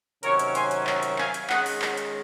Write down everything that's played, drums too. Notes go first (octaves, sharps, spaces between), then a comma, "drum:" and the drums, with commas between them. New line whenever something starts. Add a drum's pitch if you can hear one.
C3 D#3 F#3 C#4 A#4 C#5, drum: hi-hat
drum: hi-hat
G#5 C6, drum: hi-hat
drum: hi-hat
drum: clap
drum: hi-hat
F5 G#5, drum: clap
drum: hi-hat
D#3 G#3 C#4 D#5 F#5, drum: clap
drum: open hi-hat
drum: clap
drum: hi-hat